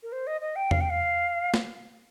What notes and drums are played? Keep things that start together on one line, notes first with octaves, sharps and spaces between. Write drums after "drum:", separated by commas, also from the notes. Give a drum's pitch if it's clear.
A#4
C5
D#5
D#5
G5
F5, drum: tom E2
G5
F5
drum: snare